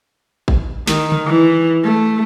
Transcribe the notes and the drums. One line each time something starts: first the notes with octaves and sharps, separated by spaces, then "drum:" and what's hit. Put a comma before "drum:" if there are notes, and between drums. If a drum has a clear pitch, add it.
drum: kick
D#3, drum: snare
drum: tom C#3
E3
A3